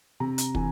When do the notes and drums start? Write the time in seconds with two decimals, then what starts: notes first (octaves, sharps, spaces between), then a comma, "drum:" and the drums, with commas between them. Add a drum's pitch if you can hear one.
0.20 C3 A#5
0.38 drum: hi-hat
0.55 E3 G#5, drum: kick